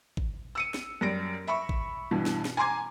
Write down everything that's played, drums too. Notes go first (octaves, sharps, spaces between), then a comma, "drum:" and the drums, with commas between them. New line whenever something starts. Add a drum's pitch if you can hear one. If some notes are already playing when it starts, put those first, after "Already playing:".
drum: kick G#1
E6 C#7 D#7
drum: snare
F#2 G3 A#6 D7
E5 B5 C#6
drum: kick G#1
G2 B2 E3
drum: snare
drum: snare
G#5 A#5 C6 D6 G#6